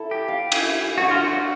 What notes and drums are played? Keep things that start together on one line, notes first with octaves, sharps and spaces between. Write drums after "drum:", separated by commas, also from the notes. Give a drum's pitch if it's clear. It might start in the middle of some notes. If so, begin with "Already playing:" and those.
Already playing: E4 A4
G4
F5
drum: cymbal
E4
D4 F#4
F4
F#4
D4